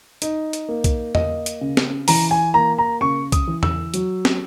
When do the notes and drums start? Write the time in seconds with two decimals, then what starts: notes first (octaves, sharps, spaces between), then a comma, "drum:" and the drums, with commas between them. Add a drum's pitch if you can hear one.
0.22 D#4, drum: hi-hat
0.53 drum: hi-hat
0.69 A#3
0.84 drum: kick, hi-hat
1.15 A#3 D#5, drum: tom E2
1.46 drum: hi-hat
1.61 C#3
1.77 drum: snare
2.08 E3 A#5, drum: open hi-hat
2.31 G#5
2.54 A#3 A#5
2.78 A#5
3.01 C#3 C#6
3.32 D#6, drum: kick, hi-hat
3.47 E3
3.63 E6, drum: tom E2
3.94 F#3, drum: hi-hat
4.25 drum: snare